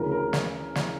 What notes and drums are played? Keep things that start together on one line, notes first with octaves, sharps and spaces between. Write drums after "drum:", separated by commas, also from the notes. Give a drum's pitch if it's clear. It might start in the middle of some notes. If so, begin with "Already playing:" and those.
Already playing: D2 C#3 E3 A#4
A#4
drum: snare
drum: snare